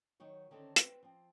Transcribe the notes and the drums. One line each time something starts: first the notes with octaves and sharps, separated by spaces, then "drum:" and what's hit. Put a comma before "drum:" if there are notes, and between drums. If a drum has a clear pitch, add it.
D#3 F#3 D#4 C#5
D3 D#3 C4 C#4 A4
C4 B4 G5, drum: hi-hat
F3 C4